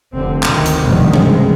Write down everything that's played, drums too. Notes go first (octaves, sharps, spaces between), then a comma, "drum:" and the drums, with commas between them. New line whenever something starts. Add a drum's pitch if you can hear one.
F1 D3 C4
D2 D#3, drum: clap
drum: hi-hat
F1 C2 G2 D#3 G3 B3
C#3 G#3, drum: tom E3